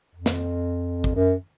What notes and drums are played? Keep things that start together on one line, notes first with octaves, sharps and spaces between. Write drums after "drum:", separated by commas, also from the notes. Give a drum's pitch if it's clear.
F2
drum: snare
drum: kick
F#2